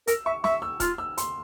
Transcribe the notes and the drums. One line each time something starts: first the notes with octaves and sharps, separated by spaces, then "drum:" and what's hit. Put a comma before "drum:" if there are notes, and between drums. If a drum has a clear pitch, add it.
A#4 E6, drum: hi-hat
E5 C#6
E5 C#6, drum: snare
E6
F4 F6, drum: kick D#1, hi-hat
E6
C6, drum: hi-hat